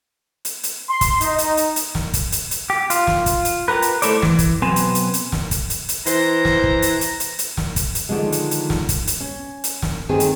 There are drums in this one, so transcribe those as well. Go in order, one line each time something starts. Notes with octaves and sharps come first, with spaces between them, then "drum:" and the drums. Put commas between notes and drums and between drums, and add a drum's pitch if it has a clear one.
drum: hi-hat
drum: hi-hat
C6
drum: kick, hi-hat
D#4, drum: hi-hat
drum: hi-hat
drum: hi-hat
drum: hi-hat
drum: snare
drum: kick, hi-hat
drum: hi-hat
drum: hi-hat
G4
F4, drum: hi-hat
drum: snare
drum: kick, hi-hat
drum: hi-hat
F4 G4 A#4 B4
drum: hi-hat
A3 E4 A4 C5 D5, drum: hi-hat
E3, drum: snare
drum: kick, hi-hat
B2 F#3 C4 B4 G#5 C6
drum: hi-hat
drum: hi-hat
drum: hi-hat
drum: snare
drum: kick, hi-hat
drum: hi-hat
drum: hi-hat
E3 C5 A#5, drum: hi-hat
drum: snare
drum: kick
drum: hi-hat
drum: hi-hat
drum: hi-hat
drum: hi-hat
drum: snare
drum: kick, hi-hat
drum: hi-hat
D3 D#3 F3 G#3
drum: hi-hat
drum: hi-hat
drum: snare
drum: kick, hi-hat
drum: hi-hat
C#4
drum: hi-hat
drum: snare
D2 D#3 C4 G#4
drum: hi-hat